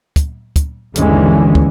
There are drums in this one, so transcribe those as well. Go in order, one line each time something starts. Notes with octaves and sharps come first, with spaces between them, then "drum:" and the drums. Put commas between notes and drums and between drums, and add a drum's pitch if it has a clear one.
drum: kick, hi-hat
drum: kick, hi-hat
G1 D#2 D3 E3 G#3 C#4, drum: hi-hat
drum: kick